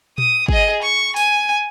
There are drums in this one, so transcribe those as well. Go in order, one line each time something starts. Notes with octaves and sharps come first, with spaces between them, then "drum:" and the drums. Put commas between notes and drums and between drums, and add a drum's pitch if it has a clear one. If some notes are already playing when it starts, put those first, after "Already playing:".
D#6, drum: tom A#2
G#4 D#5, drum: kick
C#6
G#5, drum: open hi-hat